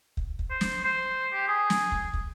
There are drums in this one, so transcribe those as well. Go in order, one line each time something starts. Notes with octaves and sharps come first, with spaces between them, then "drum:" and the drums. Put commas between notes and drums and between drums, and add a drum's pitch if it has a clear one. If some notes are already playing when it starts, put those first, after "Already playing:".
drum: kick
drum: kick
C5
drum: snare
C5
G4
G#4
drum: snare
drum: kick
drum: kick